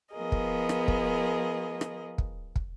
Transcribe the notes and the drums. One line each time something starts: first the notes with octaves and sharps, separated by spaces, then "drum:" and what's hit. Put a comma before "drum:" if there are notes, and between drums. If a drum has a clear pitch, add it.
F3 B3 G#4 A#4 D#5
drum: kick
drum: rim click
drum: kick
drum: rim click
drum: kick
drum: kick